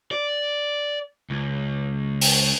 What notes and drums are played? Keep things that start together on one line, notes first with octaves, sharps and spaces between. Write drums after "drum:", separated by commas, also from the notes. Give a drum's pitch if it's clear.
D5
C#2
drum: open hi-hat